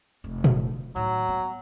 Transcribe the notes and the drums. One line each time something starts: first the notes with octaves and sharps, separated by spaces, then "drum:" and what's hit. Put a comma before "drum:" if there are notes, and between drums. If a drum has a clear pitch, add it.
F1
drum: tom A#2
A2 D#3 F#3
B3